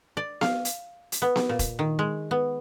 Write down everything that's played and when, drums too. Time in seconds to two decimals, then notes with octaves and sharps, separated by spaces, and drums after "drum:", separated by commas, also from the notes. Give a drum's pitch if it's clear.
0.17 D5
0.41 F5, drum: snare B3
0.65 drum: hi-hat
1.12 drum: hi-hat
1.22 B3
1.36 drum: snare B3
1.49 A#2
1.59 drum: kick E1, hi-hat
1.79 D#3
1.99 G#3
2.31 B3